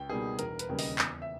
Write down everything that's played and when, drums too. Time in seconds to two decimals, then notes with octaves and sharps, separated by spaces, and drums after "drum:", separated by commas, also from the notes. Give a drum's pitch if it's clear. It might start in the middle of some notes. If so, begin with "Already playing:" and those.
Already playing: C#2 G5
0.09 B2 G3 A#3 D#4 G#4
0.39 E1 A#4, drum: hi-hat
0.59 B4, drum: hi-hat
0.69 D#2 C#3 G3 A#3
0.79 D#5, drum: open hi-hat
0.99 E2, drum: clap
1.22 E5